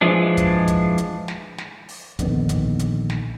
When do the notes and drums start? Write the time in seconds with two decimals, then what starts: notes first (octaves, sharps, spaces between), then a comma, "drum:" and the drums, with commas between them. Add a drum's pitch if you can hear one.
0.01 E3 F3 G#3 D4
0.37 drum: kick, hi-hat
0.68 drum: kick, hi-hat
0.98 drum: hi-hat
1.28 drum: snare
1.58 drum: snare
1.89 drum: open hi-hat
2.19 A#1 D3 D#3 B3, drum: kick, hi-hat
2.49 drum: kick, hi-hat
2.79 drum: hi-hat
3.10 drum: snare